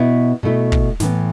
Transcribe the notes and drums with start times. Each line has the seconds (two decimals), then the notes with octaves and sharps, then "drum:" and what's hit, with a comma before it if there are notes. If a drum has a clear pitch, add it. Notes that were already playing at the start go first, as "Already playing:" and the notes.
Already playing: B2 B3 E4
0.43 B2 A3 E4
0.72 drum: kick
1.00 A2 E3 B3, drum: snare